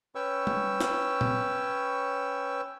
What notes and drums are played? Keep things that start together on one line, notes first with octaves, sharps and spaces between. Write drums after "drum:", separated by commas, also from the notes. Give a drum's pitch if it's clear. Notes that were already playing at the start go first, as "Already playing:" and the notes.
C#4 B4 C#5 G5 C#6 E6
drum: tom G3
drum: snare
drum: tom A#2